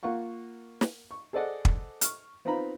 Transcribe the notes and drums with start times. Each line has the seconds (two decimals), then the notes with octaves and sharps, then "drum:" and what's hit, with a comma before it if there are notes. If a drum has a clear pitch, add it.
0.03 A#3 F4 F#5 C#6
0.81 drum: snare
1.11 C#6
1.33 G#4 A4 C5 D5 D#5 F#5
1.65 drum: kick
2.01 C#6 F6, drum: hi-hat
2.45 B3 C4 D#4 F4 A#5 B5